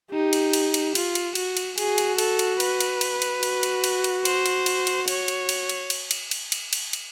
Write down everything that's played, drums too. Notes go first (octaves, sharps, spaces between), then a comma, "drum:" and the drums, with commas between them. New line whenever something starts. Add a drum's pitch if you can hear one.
D#4 G4
drum: cymbal
drum: cymbal
drum: cymbal
F4, drum: cymbal
drum: cymbal
F#4, drum: cymbal
drum: cymbal
F#4 G#4, drum: cymbal
drum: cymbal
A4, drum: cymbal
drum: cymbal
B4, drum: cymbal
drum: cymbal
drum: cymbal
drum: cymbal
F#4, drum: cymbal
drum: cymbal
drum: cymbal
drum: cymbal
C5, drum: cymbal
drum: cymbal
drum: cymbal
drum: cymbal
C#5, drum: cymbal
drum: cymbal
drum: cymbal
drum: cymbal
drum: cymbal
drum: cymbal
drum: cymbal
drum: cymbal
drum: cymbal
drum: cymbal